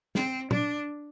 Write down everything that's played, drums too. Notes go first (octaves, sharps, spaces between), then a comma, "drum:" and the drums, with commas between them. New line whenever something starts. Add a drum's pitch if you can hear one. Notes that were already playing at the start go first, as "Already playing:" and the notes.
C4, drum: snare
D4, drum: tom A#2